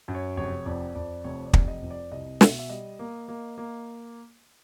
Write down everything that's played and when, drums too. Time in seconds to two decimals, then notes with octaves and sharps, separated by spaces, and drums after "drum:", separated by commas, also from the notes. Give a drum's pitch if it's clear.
0.08 F#2
0.15 C#5
0.37 F1 C#5
0.66 F2 D5
0.95 F2 D5
1.24 F1 C#5
1.46 D5
1.53 F1, drum: kick
1.68 D#5
1.83 F2
1.90 D5
2.11 C2 D#5
2.41 B2 E5, drum: snare
2.59 E5
2.69 G3 D#5
2.99 A#3
3.28 A#3
3.58 A#3